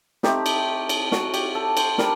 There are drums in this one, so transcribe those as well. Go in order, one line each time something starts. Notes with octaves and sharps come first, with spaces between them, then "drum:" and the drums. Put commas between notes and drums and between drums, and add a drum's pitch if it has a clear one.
A3 C4 D#4 G4, drum: snare
drum: cymbal
drum: cymbal
F#4, drum: snare
G4, drum: cymbal
A4
C5, drum: cymbal
G3 D4 A#4, drum: snare